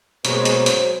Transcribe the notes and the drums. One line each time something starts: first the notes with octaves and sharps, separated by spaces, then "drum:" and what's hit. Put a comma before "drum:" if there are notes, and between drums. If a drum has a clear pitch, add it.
B2 F#3 G#3 A#3 C#4 C5, drum: hi-hat
drum: hi-hat
drum: hi-hat